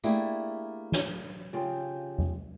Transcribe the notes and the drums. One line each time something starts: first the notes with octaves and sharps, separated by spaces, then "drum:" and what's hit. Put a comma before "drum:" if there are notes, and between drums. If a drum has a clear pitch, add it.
A3 A#3 D4 E4 G4 G#4, drum: tambourine
drum: snare
C#3 F4 G4
drum: tom E2